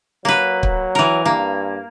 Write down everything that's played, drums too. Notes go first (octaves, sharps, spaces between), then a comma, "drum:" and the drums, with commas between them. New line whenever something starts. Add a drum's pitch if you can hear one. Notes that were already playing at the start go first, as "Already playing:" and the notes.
F#3 A#3 B4
drum: kick
E3 A#4
G2 A#3